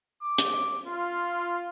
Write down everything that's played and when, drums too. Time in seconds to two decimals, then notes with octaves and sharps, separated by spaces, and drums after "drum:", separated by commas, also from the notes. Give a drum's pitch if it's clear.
0.22 D6
0.38 drum: hi-hat
0.86 F4